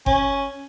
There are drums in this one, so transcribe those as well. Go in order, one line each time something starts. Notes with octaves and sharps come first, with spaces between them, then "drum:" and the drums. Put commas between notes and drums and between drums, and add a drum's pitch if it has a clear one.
C#4, drum: kick G1